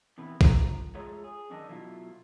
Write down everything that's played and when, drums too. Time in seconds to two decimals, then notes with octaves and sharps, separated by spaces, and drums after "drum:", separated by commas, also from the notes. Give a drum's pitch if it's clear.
0.18 E2 C3 B3 E4 B4
0.41 F#2 F3 A#5, drum: kick
0.95 G#3 A3 F4 G#4 C#5 A#5
1.24 G#4
1.50 F#2 D3 D#3 D4 D#4
1.69 B2 F#3 A3 E4 F4